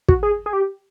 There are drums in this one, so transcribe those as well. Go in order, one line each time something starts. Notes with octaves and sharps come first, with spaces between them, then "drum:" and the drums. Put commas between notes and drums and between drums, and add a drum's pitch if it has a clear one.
F#4, drum: kick
G#4
G#4
G4